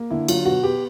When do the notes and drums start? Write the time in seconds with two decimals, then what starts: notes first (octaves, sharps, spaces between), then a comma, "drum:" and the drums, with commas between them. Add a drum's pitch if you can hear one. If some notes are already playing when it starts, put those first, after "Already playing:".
Already playing: A#3
0.10 D3 E4
0.28 F#3 F4, drum: cymbal
0.45 B2 F#4
0.63 B3 G4